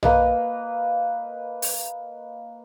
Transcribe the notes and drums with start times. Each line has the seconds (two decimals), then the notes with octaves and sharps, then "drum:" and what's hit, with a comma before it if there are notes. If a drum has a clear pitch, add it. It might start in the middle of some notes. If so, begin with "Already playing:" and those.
0.03 A#3 B4 D#5, drum: tom
1.62 drum: open hi-hat